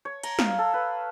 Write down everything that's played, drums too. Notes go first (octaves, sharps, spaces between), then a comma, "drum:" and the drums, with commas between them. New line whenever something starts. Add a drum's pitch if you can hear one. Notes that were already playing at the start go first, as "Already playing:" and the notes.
C#5
A#5, drum: cymbal
F5, drum: snare
A4
B4